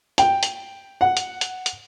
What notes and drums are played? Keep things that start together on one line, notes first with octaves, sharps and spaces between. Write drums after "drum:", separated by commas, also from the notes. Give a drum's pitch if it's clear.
G5, drum: hi-hat
drum: hi-hat
F#5
drum: hi-hat
drum: hi-hat
drum: hi-hat